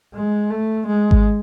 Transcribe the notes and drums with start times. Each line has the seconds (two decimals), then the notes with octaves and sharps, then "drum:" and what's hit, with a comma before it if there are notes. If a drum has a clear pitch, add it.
0.14 G#3
0.50 A3
0.87 G#3
1.11 drum: kick G#1